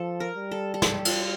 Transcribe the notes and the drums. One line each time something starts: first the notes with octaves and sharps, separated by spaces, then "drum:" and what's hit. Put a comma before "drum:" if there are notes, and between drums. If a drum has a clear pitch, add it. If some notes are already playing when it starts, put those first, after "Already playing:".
Already playing: F3 A4
A#4
G3
A4
A4
G4, drum: snare
F4, drum: cymbal